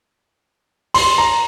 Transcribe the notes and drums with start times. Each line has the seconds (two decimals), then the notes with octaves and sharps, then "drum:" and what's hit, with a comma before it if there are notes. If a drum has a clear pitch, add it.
0.94 C6, drum: open hi-hat
1.18 A#5